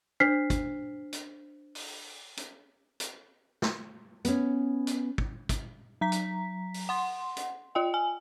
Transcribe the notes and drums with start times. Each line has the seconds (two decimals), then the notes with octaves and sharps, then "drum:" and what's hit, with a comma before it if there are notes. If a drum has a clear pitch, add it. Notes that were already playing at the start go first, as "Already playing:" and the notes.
0.20 D4 C5 F6 B6 C7
0.50 drum: kick, hi-hat
1.13 drum: hi-hat
1.75 drum: open hi-hat
2.37 drum: hi-hat
3.00 drum: hi-hat
3.62 drum: snare
4.25 B3 C#4, drum: hi-hat
4.87 drum: hi-hat
5.18 drum: kick
5.49 drum: kick, hi-hat
6.01 F#3 A#5 B6
6.12 drum: hi-hat
6.74 drum: open hi-hat
6.89 F#5 C6
7.37 drum: hi-hat
7.75 F4 D#5 G5
7.94 G#5